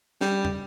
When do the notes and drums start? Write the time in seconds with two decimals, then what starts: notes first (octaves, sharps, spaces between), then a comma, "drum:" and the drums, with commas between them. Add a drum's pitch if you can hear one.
0.21 G3, drum: snare C#4
0.45 drum: tom